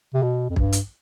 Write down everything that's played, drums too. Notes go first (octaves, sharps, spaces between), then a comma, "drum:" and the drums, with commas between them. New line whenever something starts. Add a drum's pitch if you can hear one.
C3
B2
F2
G2, drum: kick
drum: hi-hat